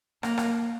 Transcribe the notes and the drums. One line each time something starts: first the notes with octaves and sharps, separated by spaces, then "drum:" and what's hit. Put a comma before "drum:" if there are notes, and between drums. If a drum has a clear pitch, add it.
A#3, drum: rim click
drum: rim click